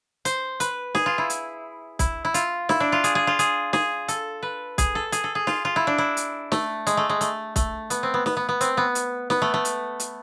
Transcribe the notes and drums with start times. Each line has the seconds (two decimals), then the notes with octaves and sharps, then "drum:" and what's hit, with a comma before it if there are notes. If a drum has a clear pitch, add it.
0.25 C5, drum: hi-hat
0.60 B4, drum: hi-hat
0.95 G#4, drum: snare
1.06 F4
1.18 E4
1.30 drum: hi-hat
1.99 E4, drum: kick, hi-hat
2.25 E4
2.34 F4, drum: hi-hat
2.69 E4, drum: snare
2.80 D4
2.92 F4
3.04 G#4, drum: hi-hat
3.15 G#4
3.27 F4
3.39 G#4, drum: hi-hat
3.73 G#4, drum: snare
4.08 A4, drum: hi-hat
4.43 B4
4.78 G#4, drum: kick, hi-hat
4.95 A4
5.12 G#4, drum: hi-hat
5.24 A4
5.35 G#4
5.47 F4, drum: snare
5.65 F4
5.76 E4
5.87 D4
5.98 E4
6.17 drum: hi-hat
6.52 A3, drum: snare
6.87 G#3, drum: hi-hat
6.97 A3
7.09 G#3
7.21 A3, drum: hi-hat
7.56 A3, drum: kick, hi-hat
7.90 B3, drum: hi-hat
8.03 C4
8.14 B3
8.26 B3, drum: snare
8.37 B3
8.49 B3
8.61 C4, drum: hi-hat
8.77 B3
8.95 drum: hi-hat
9.30 B3, drum: snare
9.42 A3
9.54 A3
9.65 drum: hi-hat
10.00 drum: hi-hat